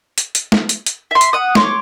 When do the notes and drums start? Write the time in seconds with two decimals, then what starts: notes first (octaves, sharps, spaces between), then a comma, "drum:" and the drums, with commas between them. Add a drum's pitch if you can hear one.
0.18 drum: hi-hat
0.35 drum: hi-hat
0.52 drum: snare
0.69 drum: hi-hat
0.86 drum: hi-hat
1.11 E5 C6
1.21 drum: hi-hat
1.33 F#5 D#6
1.55 C#5 C6 D6, drum: snare